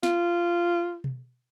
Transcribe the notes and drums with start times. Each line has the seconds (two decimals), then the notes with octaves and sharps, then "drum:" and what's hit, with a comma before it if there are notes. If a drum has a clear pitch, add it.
0.03 F4, drum: snare
1.04 drum: tom B2